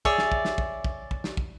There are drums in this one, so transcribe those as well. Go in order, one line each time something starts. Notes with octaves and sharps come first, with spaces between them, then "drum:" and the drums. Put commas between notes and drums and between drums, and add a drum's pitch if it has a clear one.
G#4 C#5 D5 E5, drum: kick
drum: snare
drum: kick
drum: snare
drum: kick
drum: kick
drum: kick
drum: snare
drum: kick